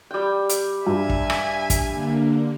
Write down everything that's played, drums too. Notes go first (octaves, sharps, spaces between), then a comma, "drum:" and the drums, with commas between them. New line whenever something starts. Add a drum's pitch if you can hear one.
G3 G5
drum: hi-hat
G2 E5 G#5
drum: kick
drum: rim click
drum: kick, hi-hat
D3 A#3